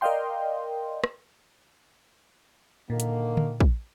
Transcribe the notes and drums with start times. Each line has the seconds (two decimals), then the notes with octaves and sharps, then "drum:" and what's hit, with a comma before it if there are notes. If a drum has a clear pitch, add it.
0.01 A#4 D5 D#5 F5 G5 C6
1.04 drum: rim click
2.90 A#2 D3 D#3 A#3
3.00 drum: hi-hat
3.37 drum: tom D3
3.60 drum: kick